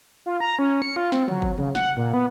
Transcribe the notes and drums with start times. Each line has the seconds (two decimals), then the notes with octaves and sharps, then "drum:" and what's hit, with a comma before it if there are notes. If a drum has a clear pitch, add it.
0.26 F4
0.40 A#5
0.59 C#4
0.82 C#7
0.96 F4
1.12 C4, drum: snare
1.28 F#3, drum: tom
1.42 drum: kick G1
1.58 C#3, drum: tom D3
1.75 F#5, drum: snare
1.97 A#2
2.13 B3